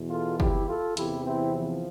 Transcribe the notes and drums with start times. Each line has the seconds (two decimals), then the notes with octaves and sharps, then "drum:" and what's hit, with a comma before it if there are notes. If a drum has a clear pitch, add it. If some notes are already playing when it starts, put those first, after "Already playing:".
Already playing: E2 B2
0.10 F4 A4
0.40 E4 G4, drum: kick
0.68 F4 A4
0.97 E2 C3 E3 E4 G4, drum: hi-hat
1.25 C4 E4
1.54 F3